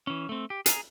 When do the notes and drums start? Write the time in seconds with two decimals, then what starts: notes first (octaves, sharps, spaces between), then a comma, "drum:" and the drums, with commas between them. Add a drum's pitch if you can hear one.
0.07 E3 C#4
0.29 A3 C4
0.50 G4
0.66 G#4 A#5, drum: hi-hat